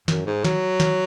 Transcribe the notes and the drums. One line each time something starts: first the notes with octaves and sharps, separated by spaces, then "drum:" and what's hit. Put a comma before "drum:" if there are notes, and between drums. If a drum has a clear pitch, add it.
F#2, drum: snare
G#2
F#3, drum: snare
drum: snare